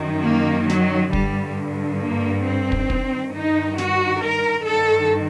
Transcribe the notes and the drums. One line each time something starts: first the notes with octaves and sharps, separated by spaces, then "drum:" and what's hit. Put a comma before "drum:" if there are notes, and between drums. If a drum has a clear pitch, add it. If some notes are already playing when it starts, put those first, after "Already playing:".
Already playing: F#2 D#3
A#3
F#3, drum: snare
G2 D3 G3, drum: kick
A#3
C4
drum: kick
G2 D#3, drum: kick
D#4
F#4, drum: snare
A#4
G2 D#3 A4